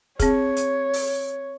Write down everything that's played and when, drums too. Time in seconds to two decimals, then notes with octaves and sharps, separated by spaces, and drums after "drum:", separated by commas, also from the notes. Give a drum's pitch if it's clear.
0.20 C4 G#4 C#5, drum: kick, hi-hat
0.56 drum: hi-hat
0.93 drum: open hi-hat